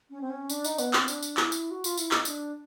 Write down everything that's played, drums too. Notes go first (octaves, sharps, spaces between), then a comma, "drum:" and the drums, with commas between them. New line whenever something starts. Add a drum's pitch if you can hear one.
C#4
C4
C#4
D4, drum: tambourine
D#4, drum: tambourine
B3, drum: tambourine
C4, drum: clap
D4, drum: tambourine
drum: tambourine
E4, drum: clap
drum: tambourine
F#4
F4, drum: tambourine
E4, drum: tambourine
D#4, drum: clap
D4, drum: tambourine